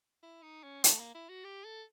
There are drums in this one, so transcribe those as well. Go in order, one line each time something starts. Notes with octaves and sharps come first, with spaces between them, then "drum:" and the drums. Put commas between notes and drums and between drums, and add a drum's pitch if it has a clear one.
E4
D#4
C#4
A3, drum: hi-hat
A#3
E4
F#4
G4
A4